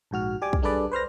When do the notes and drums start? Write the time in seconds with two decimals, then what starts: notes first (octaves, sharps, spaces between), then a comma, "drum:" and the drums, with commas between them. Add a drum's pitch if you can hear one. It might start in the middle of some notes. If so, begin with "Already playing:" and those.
0.11 A#1 G#2 F#4 F6
0.42 G4 D5 G#5 D6
0.53 drum: kick
0.62 G3 D4 G#4 A4 B4 D5
0.92 B4 C5 F6 A#6